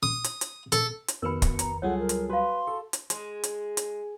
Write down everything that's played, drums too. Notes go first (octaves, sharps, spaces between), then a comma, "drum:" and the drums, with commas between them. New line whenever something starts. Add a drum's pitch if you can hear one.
D#6
drum: hi-hat
drum: hi-hat
A4, drum: hi-hat
drum: hi-hat
F2 B2 D#3 A#4 B4 B5 C#7
drum: kick, hi-hat
A#5, drum: hi-hat
C#2 F#3 G3 F4 G#4 A4 C#5 F#5
A#4
drum: hi-hat
F#4 B4 F5 C6
A4 C#6
drum: hi-hat
G#3, drum: hi-hat
drum: hi-hat
drum: hi-hat